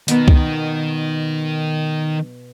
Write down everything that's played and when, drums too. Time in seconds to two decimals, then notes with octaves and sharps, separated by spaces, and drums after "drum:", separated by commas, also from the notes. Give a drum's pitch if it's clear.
0.08 B2 D#3 B3, drum: hi-hat
0.28 drum: kick C2